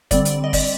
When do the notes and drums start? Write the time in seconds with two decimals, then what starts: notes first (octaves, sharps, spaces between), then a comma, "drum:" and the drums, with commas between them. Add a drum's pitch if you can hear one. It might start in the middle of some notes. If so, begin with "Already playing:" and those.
0.11 D3 G3 C4 D5, drum: kick, hi-hat
0.25 drum: hi-hat
0.44 D#5
0.53 D5, drum: kick, open hi-hat